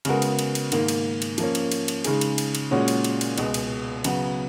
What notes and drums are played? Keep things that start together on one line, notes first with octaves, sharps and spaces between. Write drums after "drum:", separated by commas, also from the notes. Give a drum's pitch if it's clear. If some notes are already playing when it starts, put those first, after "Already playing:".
C#3 G#3 B3 F#4 A#4, drum: cymbal
drum: cymbal
drum: cymbal
drum: cymbal
G#2 D#3 A#3, drum: cymbal
drum: cymbal
drum: cymbal
F3 A#3 C#4, drum: cymbal
drum: cymbal
drum: cymbal
drum: cymbal
C#3 G#3 D#4 G#4, drum: cymbal
drum: cymbal
drum: cymbal
drum: cymbal
A#2 G#3 C#4 F#4 C#5
drum: cymbal
drum: cymbal
drum: cymbal
C#2 B2 G#3, drum: cymbal
drum: cymbal
C#3 F#3 B3 F#4, drum: cymbal